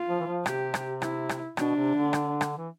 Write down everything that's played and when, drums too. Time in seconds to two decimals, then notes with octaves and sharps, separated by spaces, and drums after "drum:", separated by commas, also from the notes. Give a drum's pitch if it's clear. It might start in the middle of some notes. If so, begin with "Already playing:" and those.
Already playing: F4
0.09 F3
0.20 E3
0.27 F3
0.46 C3 G4, drum: rim click
0.74 drum: rim click
1.02 E4, drum: rim click
1.29 drum: rim click
1.57 B2 D4, drum: rim click
1.76 C3
1.95 D3
2.13 drum: rim click
2.41 drum: rim click
2.58 E3